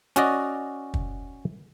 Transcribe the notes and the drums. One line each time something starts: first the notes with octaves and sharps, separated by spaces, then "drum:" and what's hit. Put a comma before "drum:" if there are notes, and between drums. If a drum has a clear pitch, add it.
C#4 F#4 D5 D#5, drum: hi-hat
drum: kick